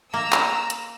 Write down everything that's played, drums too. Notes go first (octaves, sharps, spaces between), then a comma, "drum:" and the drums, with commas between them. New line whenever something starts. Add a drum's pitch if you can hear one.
A#3 A#5 E6
drum: clap
drum: hi-hat